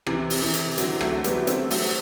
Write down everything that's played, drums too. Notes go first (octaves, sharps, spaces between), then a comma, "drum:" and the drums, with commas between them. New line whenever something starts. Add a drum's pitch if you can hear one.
C3 E3, drum: rim click
drum: open hi-hat
C3 E3
drum: hi-hat
D3 F#3, drum: hi-hat
F#3 A3, drum: rim click
G3 B3, drum: hi-hat
A3 C4, drum: hi-hat
F#3 A3, drum: open hi-hat